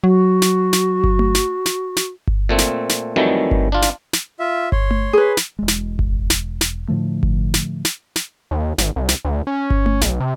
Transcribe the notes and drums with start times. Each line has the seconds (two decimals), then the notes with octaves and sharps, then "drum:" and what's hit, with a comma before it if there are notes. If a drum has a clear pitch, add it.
0.04 F#3 F#4
0.42 drum: snare
0.73 drum: snare
1.04 drum: kick G1
1.19 drum: tom A3
1.35 drum: snare
1.66 drum: snare
1.97 drum: snare
2.27 drum: kick G1
2.49 A#2 A3 C4
2.58 drum: snare
2.89 drum: snare
3.16 F2 D#3 E3 F#3 G3 A3
3.51 drum: kick G1
3.72 D4 F4
3.82 drum: snare
4.13 drum: snare
4.39 F4 E5
4.72 C#5 C6, drum: kick G1
4.91 drum: tom A3
5.13 G#4 B4
5.37 drum: snare
5.59 E1 G#3
5.68 drum: snare
5.99 drum: kick G1
6.30 drum: snare
6.61 drum: snare
6.88 A2 D3 F3 A3
7.23 drum: kick G1
7.54 drum: snare
7.85 drum: snare
8.16 drum: snare
8.51 D#2
8.78 G#1, drum: snare
8.96 C2
9.08 drum: snare
9.25 D2
9.47 C#4
9.70 drum: kick G1
9.86 drum: tom A3
10.01 B1, drum: snare
10.20 C3